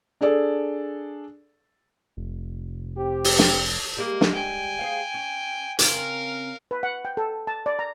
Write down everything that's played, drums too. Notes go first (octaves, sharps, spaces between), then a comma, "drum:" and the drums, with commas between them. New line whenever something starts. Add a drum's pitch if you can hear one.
D4 G#4 A4 D5
F1
C4 G4
drum: open hi-hat
drum: snare
G3 G#3 A#3 G4
drum: snare
G5 G#5
G#4 C5 F5
C#4
C#3 C4 C#4 A#4 F5, drum: hi-hat
B4
F#5
G5
A4
A5
D5
A#5